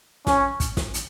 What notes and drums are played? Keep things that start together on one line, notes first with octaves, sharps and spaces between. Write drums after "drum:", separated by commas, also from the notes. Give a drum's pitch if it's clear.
C#4, drum: snare
drum: kick, hi-hat
drum: snare
drum: hi-hat